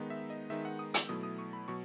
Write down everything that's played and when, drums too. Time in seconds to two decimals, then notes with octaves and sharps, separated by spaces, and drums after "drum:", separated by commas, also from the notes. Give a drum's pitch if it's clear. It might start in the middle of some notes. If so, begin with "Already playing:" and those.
Already playing: D#3 G#3 B3 D#4
0.10 E5
0.30 D#5
0.50 D#3 G#3 B3 D#4 E5
0.65 F#5
0.79 D#6
0.94 E6, drum: hi-hat
1.09 B2 F#3 A3 E4 D#6
1.23 D#6
1.39 C#6
1.53 B5
1.68 B2 F#3 C#6